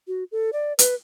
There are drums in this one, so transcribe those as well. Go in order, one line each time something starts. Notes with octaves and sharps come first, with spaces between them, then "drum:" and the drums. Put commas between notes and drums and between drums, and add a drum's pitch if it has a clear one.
F#4
A4
D5
B4, drum: hi-hat